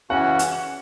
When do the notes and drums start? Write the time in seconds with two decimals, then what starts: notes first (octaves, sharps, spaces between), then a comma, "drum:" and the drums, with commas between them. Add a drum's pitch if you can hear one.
0.10 C#3 E3 C#4 F#4 F#5
0.39 drum: hi-hat